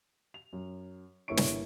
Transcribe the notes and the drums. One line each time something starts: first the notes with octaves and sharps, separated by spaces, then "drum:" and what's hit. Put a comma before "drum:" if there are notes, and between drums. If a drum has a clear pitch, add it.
F7
F#2
G1 A#3 E4 C#5 C#6 D7
drum: snare